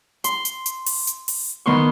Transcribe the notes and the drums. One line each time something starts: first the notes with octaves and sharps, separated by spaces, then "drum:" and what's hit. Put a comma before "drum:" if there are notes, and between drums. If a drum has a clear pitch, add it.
C6, drum: hi-hat
drum: hi-hat
drum: hi-hat
drum: open hi-hat
drum: hi-hat
drum: open hi-hat
D#3 B3 C6 C#6